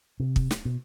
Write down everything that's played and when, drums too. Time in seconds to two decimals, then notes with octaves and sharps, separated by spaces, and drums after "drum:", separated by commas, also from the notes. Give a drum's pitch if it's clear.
0.20 C3
0.36 drum: kick
0.51 drum: snare
0.65 B2